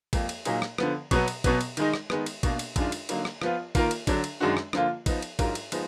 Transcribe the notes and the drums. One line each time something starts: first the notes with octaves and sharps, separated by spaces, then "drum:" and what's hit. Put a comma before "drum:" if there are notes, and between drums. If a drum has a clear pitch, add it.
F2 F3 A#3, drum: kick A1, cymbal
drum: cymbal
A#2 F#3 A#3 D#4 G#4, drum: cymbal
drum: rim click
D3 F3 B3, drum: rim click
B2 F#3 B3, drum: kick A1, cymbal
drum: cymbal
B2 F#3 B3, drum: kick A1, cymbal
drum: cymbal
D#3 G#3 D#4, drum: cymbal
drum: rim click
D#3 G#3 B3, drum: rim click
drum: cymbal
B2 A#3 D4, drum: kick A1, cymbal
drum: cymbal
F#2 D#3 G#3 D4 F4, drum: kick A1, cymbal
drum: cymbal
D3 F#3 A#3 D#4, drum: cymbal
drum: rim click
F3 B3 F4, drum: rim click
D#3 A#3 F4 A#4, drum: kick A1, cymbal
drum: cymbal
D3 F#3 D4, drum: kick A1, cymbal
drum: cymbal
F#2 D#3 G#3 D4 F#4
drum: rim click
D3 F3 A#3 F4, drum: rim click
F3 B3 D#4, drum: kick A1, cymbal
drum: cymbal
G#2 F#3 D4 F4 A#4, drum: kick A1, cymbal
drum: cymbal
F3 G#3 B3 D#4, drum: cymbal